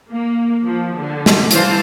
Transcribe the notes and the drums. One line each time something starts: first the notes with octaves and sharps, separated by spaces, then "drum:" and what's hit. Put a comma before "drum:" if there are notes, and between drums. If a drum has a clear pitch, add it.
A#3
F3
D3
drum: snare
E3 G3 C5 F5 A5, drum: hi-hat